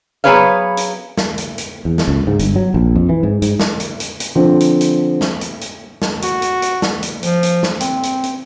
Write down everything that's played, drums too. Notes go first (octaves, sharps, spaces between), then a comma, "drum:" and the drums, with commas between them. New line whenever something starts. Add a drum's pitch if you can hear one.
F#3 B3 G#4 B4 C#5 F5
drum: hi-hat
drum: snare
drum: hi-hat
drum: hi-hat
E2
drum: snare
C#2
G#2
G1, drum: hi-hat
F#3
A#1
F2
E3
G#2
G#2, drum: hi-hat
drum: snare
drum: hi-hat
drum: hi-hat
drum: hi-hat
D3 F3 C4
drum: hi-hat
drum: hi-hat
drum: snare
drum: hi-hat
drum: hi-hat
drum: snare
F#4, drum: hi-hat
drum: hi-hat
drum: hi-hat
drum: snare
drum: hi-hat
F3, drum: hi-hat
drum: hi-hat
drum: snare
C4, drum: hi-hat
drum: hi-hat
drum: hi-hat